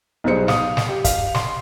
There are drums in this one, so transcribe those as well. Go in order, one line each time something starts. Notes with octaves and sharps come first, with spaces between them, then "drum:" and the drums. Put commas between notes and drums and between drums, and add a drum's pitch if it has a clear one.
B1 B2 G3 G#4 C5 C#7
F5 D#6, drum: snare
drum: snare
G4
F5, drum: kick, hi-hat
C6, drum: snare